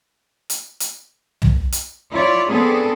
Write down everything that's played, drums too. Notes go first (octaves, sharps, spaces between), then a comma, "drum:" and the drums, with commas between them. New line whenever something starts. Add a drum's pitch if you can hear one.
drum: hi-hat
drum: hi-hat
drum: tom
drum: hi-hat
E4 F4 C#5 D5
B3 C4 D4 G#4 A4